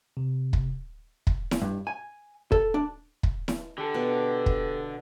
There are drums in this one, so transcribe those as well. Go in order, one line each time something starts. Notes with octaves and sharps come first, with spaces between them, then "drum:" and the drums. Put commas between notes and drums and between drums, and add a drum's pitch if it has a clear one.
C3
drum: kick
drum: kick
drum: snare E4
G2
G#5
A4, drum: kick
D4
drum: kick
drum: snare E4
D3 G4 A4
B2
drum: kick